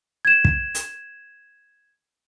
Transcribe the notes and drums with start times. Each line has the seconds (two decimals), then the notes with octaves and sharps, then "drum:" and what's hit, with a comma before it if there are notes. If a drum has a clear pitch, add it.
0.25 G#6 E7
0.45 drum: kick
0.75 drum: hi-hat